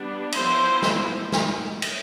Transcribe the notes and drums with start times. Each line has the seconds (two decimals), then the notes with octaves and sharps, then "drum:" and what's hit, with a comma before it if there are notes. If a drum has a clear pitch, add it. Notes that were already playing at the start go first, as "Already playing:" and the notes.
Already playing: G3 B3 D4
0.32 F3 B3 E4 C5, drum: cymbal
0.82 drum: snare
1.32 drum: snare
1.82 drum: cymbal